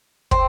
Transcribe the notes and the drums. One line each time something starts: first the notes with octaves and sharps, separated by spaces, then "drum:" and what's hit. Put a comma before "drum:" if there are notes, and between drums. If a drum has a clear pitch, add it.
C4, drum: kick